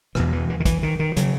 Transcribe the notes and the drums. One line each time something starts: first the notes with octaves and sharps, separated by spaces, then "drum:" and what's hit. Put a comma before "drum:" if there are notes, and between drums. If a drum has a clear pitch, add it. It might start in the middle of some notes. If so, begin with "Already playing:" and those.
E2 B2 E3, drum: rim click
E3
E3
D#3
E3, drum: kick, hi-hat
D#3
D#3
C#3 F#3, drum: hi-hat